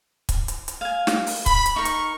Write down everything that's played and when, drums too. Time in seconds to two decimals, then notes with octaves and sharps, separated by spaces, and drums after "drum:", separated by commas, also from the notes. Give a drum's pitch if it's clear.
0.29 drum: kick C#1, hi-hat
0.48 drum: hi-hat
0.68 drum: hi-hat
0.81 F5 G#5
1.07 drum: snare
1.27 drum: open hi-hat
1.46 B5, drum: kick C#1, hi-hat
1.66 drum: hi-hat
1.76 D#4 A#4 C#6
1.85 drum: hi-hat